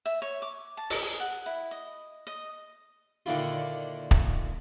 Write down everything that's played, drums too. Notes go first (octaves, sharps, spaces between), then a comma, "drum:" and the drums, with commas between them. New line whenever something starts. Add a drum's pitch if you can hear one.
E5
C#5
D6
A5
D#5, drum: open hi-hat
G#4
F#5
E4
D#5
D#5
A#2 D3 D#3 D4 E4 F4
drum: kick